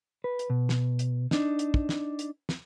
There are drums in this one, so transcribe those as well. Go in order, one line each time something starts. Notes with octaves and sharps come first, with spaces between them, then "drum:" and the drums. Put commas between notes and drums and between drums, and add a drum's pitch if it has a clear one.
B4
drum: hi-hat
B2
drum: snare
drum: hi-hat
D4 D#4, drum: snare
drum: hi-hat
drum: kick
drum: snare
drum: hi-hat
drum: snare